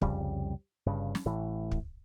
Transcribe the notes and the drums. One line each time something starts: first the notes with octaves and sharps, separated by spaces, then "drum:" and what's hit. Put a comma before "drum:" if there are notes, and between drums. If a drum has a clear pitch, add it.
C2 F2 C#3 G3, drum: kick
G1 G2 C#3
drum: snare
A1 A2 E3
drum: kick